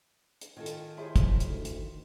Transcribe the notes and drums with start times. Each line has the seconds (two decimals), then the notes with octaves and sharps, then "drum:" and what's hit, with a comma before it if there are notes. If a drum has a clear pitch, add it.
0.41 drum: hi-hat
0.57 D#3 F4 A4 G#5
0.66 drum: hi-hat
0.97 E4 G#4 C5 C#5 A5 C6
1.16 drum: kick, hi-hat
1.40 G1 D2, drum: hi-hat
1.65 drum: hi-hat